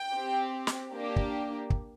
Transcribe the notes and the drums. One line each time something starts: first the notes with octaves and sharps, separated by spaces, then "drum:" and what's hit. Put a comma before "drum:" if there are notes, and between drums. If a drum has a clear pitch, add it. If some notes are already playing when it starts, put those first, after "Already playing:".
Already playing: G5
C4 G4
drum: snare
A#3 D4 G4
drum: kick
drum: kick